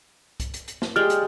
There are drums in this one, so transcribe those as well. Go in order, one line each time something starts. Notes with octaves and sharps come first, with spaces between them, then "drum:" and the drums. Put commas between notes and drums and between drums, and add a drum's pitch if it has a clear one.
drum: kick, hi-hat
drum: hi-hat
drum: hi-hat
drum: snare
G#3 G4 D5 F6
drum: hi-hat